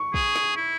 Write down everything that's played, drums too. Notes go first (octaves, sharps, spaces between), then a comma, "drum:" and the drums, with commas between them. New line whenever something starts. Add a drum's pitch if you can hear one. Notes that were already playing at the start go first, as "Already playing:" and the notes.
Already playing: C#6
G#4, drum: kick
drum: snare
E4